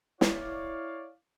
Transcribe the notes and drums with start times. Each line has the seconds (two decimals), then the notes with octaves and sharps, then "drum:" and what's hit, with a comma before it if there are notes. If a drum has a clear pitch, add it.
0.21 E4 C#5 D5 F5, drum: snare